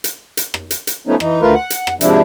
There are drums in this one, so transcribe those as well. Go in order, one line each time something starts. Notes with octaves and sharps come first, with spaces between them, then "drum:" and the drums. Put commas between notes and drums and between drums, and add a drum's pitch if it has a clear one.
drum: hi-hat
drum: hi-hat
drum: rim click
drum: hi-hat
drum: hi-hat
F3 A3 B3 C#4 D#4
E3 D#4, drum: rim click
D2 A3 F4 A#4 B4
F#5
drum: hi-hat
drum: rim click
G#2 C3 F3 D4 E4, drum: hi-hat